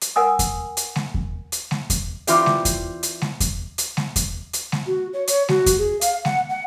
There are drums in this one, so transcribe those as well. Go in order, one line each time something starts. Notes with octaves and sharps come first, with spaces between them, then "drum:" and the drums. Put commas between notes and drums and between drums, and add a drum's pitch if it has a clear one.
drum: hi-hat
A#4 F#5 G#5 D#6
drum: kick E2, hi-hat
drum: hi-hat
drum: snare G#3
drum: kick E2
drum: hi-hat
drum: snare G#3
drum: kick E2, hi-hat
E3 C4 F4 G4 D5, drum: hi-hat
drum: snare G#3
drum: kick E2, hi-hat
drum: hi-hat
drum: snare G#3
drum: kick E2, hi-hat
drum: hi-hat
drum: snare G#3
drum: kick E2, hi-hat
drum: hi-hat
drum: snare G#3
F#4
C#5
C#5, drum: hi-hat
F#4, drum: snare G#3
drum: kick E2, hi-hat
G#4
F5, drum: hi-hat
F#5, drum: snare G#3
F#5